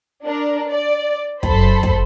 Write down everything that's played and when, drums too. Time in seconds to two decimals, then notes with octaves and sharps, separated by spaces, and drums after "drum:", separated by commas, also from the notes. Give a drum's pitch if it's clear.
0.24 D4 A#4
0.70 D5
1.43 F#2 A4 C5 B5, drum: kick
1.83 drum: kick